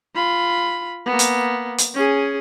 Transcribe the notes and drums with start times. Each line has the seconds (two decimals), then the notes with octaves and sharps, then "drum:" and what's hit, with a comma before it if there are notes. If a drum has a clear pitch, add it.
0.15 F4 B5
1.06 A#3 B3
1.19 drum: hi-hat
1.78 drum: hi-hat
1.95 C#4 G#4